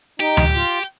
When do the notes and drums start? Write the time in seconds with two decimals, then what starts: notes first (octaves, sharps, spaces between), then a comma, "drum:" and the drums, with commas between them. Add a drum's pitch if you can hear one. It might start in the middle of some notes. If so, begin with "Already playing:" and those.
0.20 D#4 G4
0.37 drum: tom D2
0.54 F4